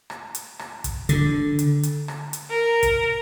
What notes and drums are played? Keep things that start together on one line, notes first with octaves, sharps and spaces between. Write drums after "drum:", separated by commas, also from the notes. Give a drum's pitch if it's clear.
drum: rim click
drum: hi-hat
drum: rim click
drum: kick, hi-hat
D3, drum: hi-hat
drum: hi-hat
drum: hi-hat
drum: rim click
drum: hi-hat
A#4
drum: kick, hi-hat